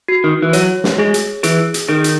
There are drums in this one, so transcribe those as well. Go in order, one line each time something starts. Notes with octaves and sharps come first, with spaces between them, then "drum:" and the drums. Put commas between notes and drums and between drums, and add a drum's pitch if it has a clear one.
F#4
D#3
E3
F#3 C#5, drum: hi-hat
drum: snare
G#3 G#4
drum: hi-hat
E3 G#4, drum: hi-hat
drum: hi-hat
D#3 G#4
drum: hi-hat